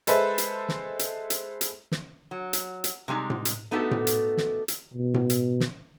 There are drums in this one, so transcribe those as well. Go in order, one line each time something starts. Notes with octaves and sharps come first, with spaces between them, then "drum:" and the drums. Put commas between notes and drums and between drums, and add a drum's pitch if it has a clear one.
G#3 A4 B4 C5 E5, drum: hi-hat
drum: hi-hat
drum: snare
drum: hi-hat
drum: hi-hat
drum: hi-hat
drum: snare
F#3
drum: hi-hat
drum: hi-hat
C3 G3 G#3 D#4
drum: tom A2
drum: hi-hat
A3 B3 D#4 F#4 G4 A4
drum: tom A2
drum: hi-hat
drum: snare
drum: hi-hat
B2
drum: tom A2
drum: hi-hat
drum: snare